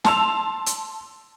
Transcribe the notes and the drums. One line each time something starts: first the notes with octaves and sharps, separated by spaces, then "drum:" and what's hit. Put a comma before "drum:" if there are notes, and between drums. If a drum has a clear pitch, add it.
A5 C6 E6 F7, drum: snare
drum: hi-hat